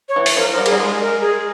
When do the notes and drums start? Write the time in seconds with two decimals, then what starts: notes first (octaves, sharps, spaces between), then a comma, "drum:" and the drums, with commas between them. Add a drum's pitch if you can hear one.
0.09 C#5
0.16 E3
0.26 drum: open hi-hat
0.37 F3 A#4
0.51 F3 A#4
0.57 G3
0.66 G#4, drum: cymbal
0.72 G3
0.80 G#3
1.01 A#4
1.21 G#4